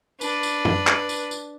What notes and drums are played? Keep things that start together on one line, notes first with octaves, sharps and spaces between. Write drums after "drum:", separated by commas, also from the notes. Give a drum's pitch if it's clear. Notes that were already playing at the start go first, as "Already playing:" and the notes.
D4 B4, drum: tambourine
drum: tambourine
drum: tom
drum: clap
drum: tambourine
drum: tambourine